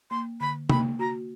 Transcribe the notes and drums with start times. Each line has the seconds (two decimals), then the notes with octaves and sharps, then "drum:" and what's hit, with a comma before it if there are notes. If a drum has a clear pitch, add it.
0.11 A#3 C6
0.41 D3 B5
0.70 A#3 B5, drum: tom C3
0.99 F#4 A#5